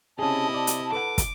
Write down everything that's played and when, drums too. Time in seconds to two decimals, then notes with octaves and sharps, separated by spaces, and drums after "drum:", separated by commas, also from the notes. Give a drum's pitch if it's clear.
0.19 C3 C#4 E4 G#4 D#5 A5
0.54 D5 A5
0.67 drum: hi-hat
0.92 A4 B4 F#5 D6
1.18 drum: kick, hi-hat